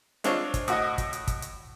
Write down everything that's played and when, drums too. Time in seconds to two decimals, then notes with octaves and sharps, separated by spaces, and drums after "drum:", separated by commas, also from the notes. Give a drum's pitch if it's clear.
0.24 G#3 C4 D4 F4 C#5, drum: hi-hat
0.54 drum: kick, hi-hat
0.68 A2 F#4 D#5, drum: hi-hat
0.98 drum: kick, hi-hat
1.13 drum: hi-hat
1.27 drum: kick, hi-hat
1.42 drum: hi-hat